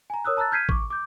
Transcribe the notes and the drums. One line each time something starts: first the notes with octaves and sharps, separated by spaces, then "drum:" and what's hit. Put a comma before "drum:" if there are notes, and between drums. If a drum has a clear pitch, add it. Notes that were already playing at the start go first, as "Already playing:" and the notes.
G#5 A#5
A#4 C#5 D#6 E6 F#6
A5 A#5 E6 F#6 A6
F6 G6 G#6 B6 C7 D#7
C#6 D6, drum: kick
D6 G6